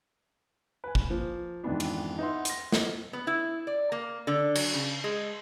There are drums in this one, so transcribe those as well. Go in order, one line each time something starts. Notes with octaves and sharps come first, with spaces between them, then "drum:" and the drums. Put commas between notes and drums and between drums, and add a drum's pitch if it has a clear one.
B4 G#5
drum: kick
F3 A#3
F2 G#2 D#3 E3 B3 D4
drum: cymbal
D#4 B4 E5 F#5 C6
C6 A#6, drum: hi-hat
F3 A#3 C4 D#5, drum: snare
B3
E4
D5
A#3
D3
F#3, drum: cymbal
C#3
G#3